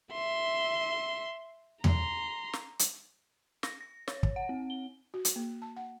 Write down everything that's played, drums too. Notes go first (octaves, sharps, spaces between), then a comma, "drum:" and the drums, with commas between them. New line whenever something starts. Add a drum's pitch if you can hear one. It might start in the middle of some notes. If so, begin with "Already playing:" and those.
E5 C6
A#5 C6, drum: tom E2
drum: snare
drum: hi-hat
A#6, drum: snare
A#6
C#5, drum: snare
drum: kick
F#5
C4
G7
F#4
drum: hi-hat
A#3
A5
F#5